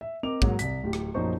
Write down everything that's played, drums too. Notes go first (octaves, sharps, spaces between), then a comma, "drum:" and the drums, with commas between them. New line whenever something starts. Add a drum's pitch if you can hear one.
E5
C4 A#4 D#5 D6 F7
G#2 F#3 A#3, drum: kick
C2 B6, drum: hi-hat
D1 G4
drum: rim click
A#1 F#2 F3 D#4 C5 C#6